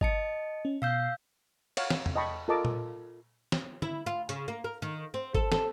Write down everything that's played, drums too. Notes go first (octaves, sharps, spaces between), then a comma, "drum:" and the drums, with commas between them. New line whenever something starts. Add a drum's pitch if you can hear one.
D#5 A5 C#7, drum: kick G1
C#4
B2 F5 E6 G6 C7
C#5 F5 F#5, drum: cymbal
drum: snare
drum: tom E2
D#5 G5 A5 B5 C#6
F4 A4 A#4 D#5 A5 D6
drum: tom A#2
drum: snare
E4, drum: tom D3
F4
C#3, drum: hi-hat
A#3
A#4
D#3
C4
A4, drum: kick G1
A4, drum: snare